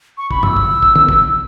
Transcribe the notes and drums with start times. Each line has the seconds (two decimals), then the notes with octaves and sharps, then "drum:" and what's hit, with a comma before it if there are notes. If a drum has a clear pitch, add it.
0.17 C#6
0.31 B5, drum: kick
0.43 E6, drum: tom
0.57 drum: kick
0.83 drum: kick
0.96 drum: tom
1.09 drum: kick